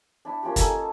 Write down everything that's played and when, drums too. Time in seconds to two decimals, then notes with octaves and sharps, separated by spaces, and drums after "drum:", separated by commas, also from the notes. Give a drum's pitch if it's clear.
0.25 D4 E4
0.43 A#3 C#4 F4 G4
0.56 A4 D#5 G#5 A#5, drum: kick, hi-hat